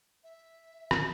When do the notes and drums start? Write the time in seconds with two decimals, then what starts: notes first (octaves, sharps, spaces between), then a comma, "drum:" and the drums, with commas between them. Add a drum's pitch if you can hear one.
0.24 E5
0.91 drum: rim click